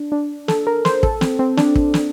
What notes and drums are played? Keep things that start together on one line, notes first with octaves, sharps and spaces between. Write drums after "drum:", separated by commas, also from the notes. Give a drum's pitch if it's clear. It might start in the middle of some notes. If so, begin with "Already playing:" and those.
Already playing: D4
D4
A4, drum: snare
A#4
C5, drum: snare
A4, drum: kick
C4, drum: snare
C4
D4, drum: snare
drum: kick
drum: snare